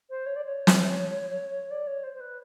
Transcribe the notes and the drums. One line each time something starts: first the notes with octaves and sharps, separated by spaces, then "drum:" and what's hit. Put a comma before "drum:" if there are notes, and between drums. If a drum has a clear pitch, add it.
C5
C#5
D5
C#5
drum: snare
D5
C#5
C5
C5
B4